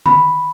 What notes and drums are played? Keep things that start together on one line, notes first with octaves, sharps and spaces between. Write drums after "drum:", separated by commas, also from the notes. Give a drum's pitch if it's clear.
B5, drum: tom D#3